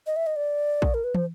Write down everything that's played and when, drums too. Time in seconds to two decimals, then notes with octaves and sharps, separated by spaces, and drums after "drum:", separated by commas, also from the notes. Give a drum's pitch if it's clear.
0.07 D#5
0.16 E5
0.27 D#5
0.36 D5
0.82 drum: kick A#1
0.94 A#4
1.04 B4
1.15 C5, drum: tom